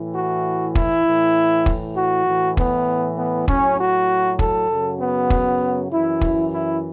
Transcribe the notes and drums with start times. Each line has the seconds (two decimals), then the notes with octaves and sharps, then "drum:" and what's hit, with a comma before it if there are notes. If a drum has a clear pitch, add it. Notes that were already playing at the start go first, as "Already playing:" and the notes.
Already playing: A2 E3
0.14 F#4
0.75 E4, drum: kick
1.05 A2 E3
1.66 drum: kick
1.97 F#4
2.27 A2 E3
2.57 B3, drum: kick
3.18 B3
3.48 A2 F#3 C#4, drum: kick
3.79 F#4
4.39 A4, drum: kick
4.69 F#2 C#3 F#3
5.00 B3
5.30 drum: kick
5.91 F#2 E3 E4
6.21 drum: kick
6.52 E4